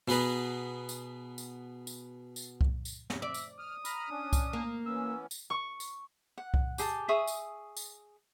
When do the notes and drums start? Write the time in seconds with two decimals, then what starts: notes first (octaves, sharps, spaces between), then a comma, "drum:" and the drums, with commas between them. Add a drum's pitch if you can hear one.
0.08 B2 B3 G#4 B4 A#5
0.89 drum: tambourine
1.38 drum: tambourine
1.87 drum: tambourine
2.36 drum: tambourine
2.61 drum: kick C2
2.85 drum: tambourine
3.10 drum: snare
3.22 D5 E5
3.34 drum: tambourine
3.59 D#6 F6
3.85 A#5 B5 F6, drum: tambourine
4.09 C#4 D4
4.33 drum: kick C2, tambourine
4.53 A#3
4.86 E3 B3 C#4 E6
5.31 drum: tambourine
5.50 C#6
5.80 drum: tambourine
6.38 F#5
6.54 drum: kick C2
6.78 G4 G#4 A5, drum: tambourine
7.08 G#4 E5 C#6 D#6
7.27 drum: tambourine
7.77 drum: tambourine